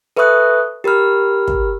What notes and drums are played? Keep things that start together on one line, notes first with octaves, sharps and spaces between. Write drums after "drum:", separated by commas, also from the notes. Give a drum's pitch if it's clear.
A4 B4 E5 C#6 D#6 F#6
G4 A#4 B5 F6
drum: kick